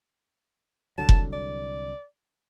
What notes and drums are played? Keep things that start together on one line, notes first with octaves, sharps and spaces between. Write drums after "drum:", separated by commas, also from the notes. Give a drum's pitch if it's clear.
C2 D3 F#3 A5
drum: kick F1
D5